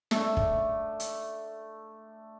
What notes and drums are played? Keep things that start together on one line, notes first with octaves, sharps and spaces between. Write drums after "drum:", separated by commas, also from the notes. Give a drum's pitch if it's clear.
A3 D4, drum: snare
drum: kick
drum: hi-hat